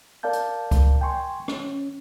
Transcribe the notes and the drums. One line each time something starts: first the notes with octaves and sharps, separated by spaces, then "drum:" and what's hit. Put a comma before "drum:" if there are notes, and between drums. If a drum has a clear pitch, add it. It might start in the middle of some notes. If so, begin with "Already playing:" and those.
A#4 D5 F5 A5 G6
drum: hi-hat
drum: kick C#2, hi-hat
G5 G#5 C6 C#6
C#4, drum: rim click